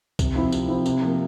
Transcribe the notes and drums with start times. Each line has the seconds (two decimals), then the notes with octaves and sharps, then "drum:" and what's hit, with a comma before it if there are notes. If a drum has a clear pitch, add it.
0.19 C3, drum: kick C2, tambourine
0.35 F3 C4 E4
0.52 C3, drum: tambourine
0.68 F3 C4 E4
0.86 C3, drum: tambourine
1.02 F3 A#3